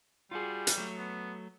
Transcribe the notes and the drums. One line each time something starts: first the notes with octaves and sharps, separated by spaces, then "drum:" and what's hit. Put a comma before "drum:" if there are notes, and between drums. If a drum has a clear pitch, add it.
G3 F4 F#4 G#4
drum: hi-hat
F#3 A3
B3